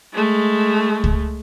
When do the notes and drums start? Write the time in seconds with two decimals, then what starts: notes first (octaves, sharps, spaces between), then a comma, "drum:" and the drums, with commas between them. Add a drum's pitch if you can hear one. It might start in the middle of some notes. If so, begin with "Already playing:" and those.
0.13 G#3 A3
1.04 drum: kick